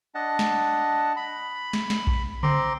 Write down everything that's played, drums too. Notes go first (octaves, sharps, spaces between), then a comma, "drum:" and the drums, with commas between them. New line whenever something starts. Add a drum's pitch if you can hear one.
D4 D#5 F#5 A5
drum: snare
B5
drum: snare
drum: snare
drum: kick A#1
C4 A#5 C6 D6, drum: tom C#3